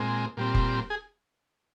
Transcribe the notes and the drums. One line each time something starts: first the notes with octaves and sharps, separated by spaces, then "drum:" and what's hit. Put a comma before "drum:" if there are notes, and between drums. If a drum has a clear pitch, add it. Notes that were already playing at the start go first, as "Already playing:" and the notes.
Already playing: A#2 G#3 C4
A#2 G3 C4
drum: kick F1
G#4